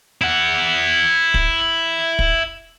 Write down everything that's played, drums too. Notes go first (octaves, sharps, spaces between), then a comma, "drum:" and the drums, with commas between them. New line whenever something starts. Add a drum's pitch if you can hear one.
E4 F#5
drum: kick
drum: kick